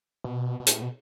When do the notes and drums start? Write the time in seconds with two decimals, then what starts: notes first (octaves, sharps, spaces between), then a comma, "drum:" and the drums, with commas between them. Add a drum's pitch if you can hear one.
0.24 B2
0.60 B2
0.67 A2, drum: hi-hat
0.82 B2